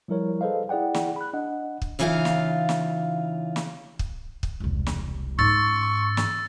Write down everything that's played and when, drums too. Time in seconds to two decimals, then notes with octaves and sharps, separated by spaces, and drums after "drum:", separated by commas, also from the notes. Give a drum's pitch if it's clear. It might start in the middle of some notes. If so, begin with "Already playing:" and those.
0.08 F3 G3 E4 A#4 C#5
0.41 G#4 A4 B4 C5 D#5 F5
0.69 E4 G#4 D5 F#5 G5
0.94 drum: snare
1.16 B5 F#6
1.33 D4 D#5 F#5
1.82 drum: kick
1.99 C#3 E3 D#4 F4 A4 F5
2.25 drum: snare
2.69 drum: snare
3.56 drum: snare
3.99 drum: kick
4.43 drum: kick
4.60 E1 C2
4.86 drum: snare
5.39 G#2 C#4 C#6 E6 A6
6.17 drum: snare